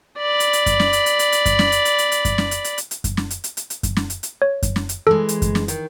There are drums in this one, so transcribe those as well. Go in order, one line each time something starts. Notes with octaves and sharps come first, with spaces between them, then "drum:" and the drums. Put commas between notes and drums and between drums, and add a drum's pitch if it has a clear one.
D5 B5
drum: hi-hat
drum: hi-hat
drum: kick F#2, hi-hat
drum: snare
drum: hi-hat
drum: hi-hat
drum: hi-hat
drum: hi-hat
drum: kick F#2, hi-hat
drum: snare
drum: hi-hat
drum: hi-hat
drum: hi-hat
drum: hi-hat
drum: kick F#2, hi-hat
drum: snare
drum: hi-hat
drum: hi-hat
drum: hi-hat
drum: hi-hat
drum: kick F#2, hi-hat
drum: snare
drum: hi-hat
drum: hi-hat
drum: hi-hat
drum: hi-hat
drum: kick F#2, hi-hat
drum: snare
drum: hi-hat
drum: hi-hat
C#5
drum: kick F#2, hi-hat
drum: snare
drum: hi-hat
E3 G#3 A4
drum: hi-hat
drum: kick F#2, hi-hat
drum: snare
D#3, drum: hi-hat